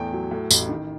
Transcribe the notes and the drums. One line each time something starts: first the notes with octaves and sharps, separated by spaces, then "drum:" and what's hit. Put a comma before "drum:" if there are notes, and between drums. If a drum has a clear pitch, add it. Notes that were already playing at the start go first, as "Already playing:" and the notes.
Already playing: E2 A2 G5
F#3
A2
A1, drum: tambourine
D#3